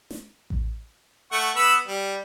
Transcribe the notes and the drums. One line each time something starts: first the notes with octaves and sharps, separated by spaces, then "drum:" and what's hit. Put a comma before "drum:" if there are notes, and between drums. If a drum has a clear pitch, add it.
drum: snare
drum: kick A1
A3 F#5 C#6
B3 B5 E6
G3